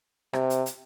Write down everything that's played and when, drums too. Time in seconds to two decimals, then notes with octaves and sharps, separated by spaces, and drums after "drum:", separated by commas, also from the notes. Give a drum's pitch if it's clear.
0.33 C3, drum: rim click
0.50 drum: hi-hat
0.66 drum: hi-hat